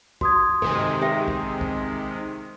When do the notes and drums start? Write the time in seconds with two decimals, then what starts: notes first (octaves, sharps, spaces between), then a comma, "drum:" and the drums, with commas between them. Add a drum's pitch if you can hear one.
0.21 F#4 C6 D#6 G#6, drum: kick
0.62 C3 D#3 G#3 A4, drum: tom G2
1.02 G4 E5 G5
1.28 drum: kick
1.61 drum: kick